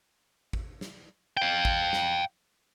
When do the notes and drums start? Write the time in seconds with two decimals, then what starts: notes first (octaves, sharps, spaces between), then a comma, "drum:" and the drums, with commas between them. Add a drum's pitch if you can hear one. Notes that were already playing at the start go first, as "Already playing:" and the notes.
0.53 drum: kick
0.81 drum: snare
1.37 F5 G5
1.65 drum: kick
1.93 drum: snare